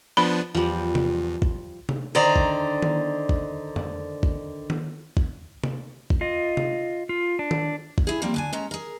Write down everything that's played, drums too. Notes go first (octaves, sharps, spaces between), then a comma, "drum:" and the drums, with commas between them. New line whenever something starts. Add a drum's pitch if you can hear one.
F3 B3 D4 B5
E2 F3 G3
drum: tom C3
drum: kick
drum: tom C3
D3 D#3 C5 D5 A#5
drum: kick
drum: tom D#3
drum: kick
drum: tom F2
drum: kick
drum: tom D#3
drum: kick
drum: tom C3
drum: kick
F4 D#5
drum: tom C3
F4
D4
drum: tom D#3
drum: kick
E4 G#4
F3 G3 A#3 C4
D2 D4 G#5
G#3 C#4 A#5
G#4 A#4